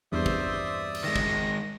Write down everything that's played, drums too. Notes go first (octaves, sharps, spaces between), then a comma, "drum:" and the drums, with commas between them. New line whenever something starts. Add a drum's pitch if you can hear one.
E2 G2 C4 C5 D5 E5 D#6
drum: kick
drum: cymbal
D#3 G#3 A#6
drum: kick